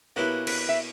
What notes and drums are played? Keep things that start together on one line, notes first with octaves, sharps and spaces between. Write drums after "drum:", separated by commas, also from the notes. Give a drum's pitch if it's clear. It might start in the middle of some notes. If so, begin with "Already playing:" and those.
B2 A#3 C#4 E4 G4 B4
B4, drum: cymbal
E5